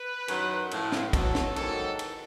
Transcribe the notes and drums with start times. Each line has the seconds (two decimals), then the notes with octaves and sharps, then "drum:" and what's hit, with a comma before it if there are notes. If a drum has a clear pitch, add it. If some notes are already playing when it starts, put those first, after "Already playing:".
Already playing: B4
0.28 F#2 D#3 F#3, drum: cymbal
0.71 A2 F3, drum: cymbal
0.92 drum: snare
1.13 B2 F#3 A4, drum: kick, cymbal
1.35 drum: snare
1.56 G#2 D#3 F#3 A4, drum: cymbal
1.99 drum: cymbal